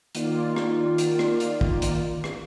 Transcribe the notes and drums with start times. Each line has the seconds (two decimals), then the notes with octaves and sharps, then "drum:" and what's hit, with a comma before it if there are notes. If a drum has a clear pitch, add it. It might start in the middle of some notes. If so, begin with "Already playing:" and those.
0.15 D#3 A#3 F4 D5, drum: hi-hat
0.56 drum: rim click
0.98 drum: hi-hat
1.19 drum: rim click
1.40 drum: hi-hat
1.61 drum: kick
1.82 drum: hi-hat
2.24 drum: rim click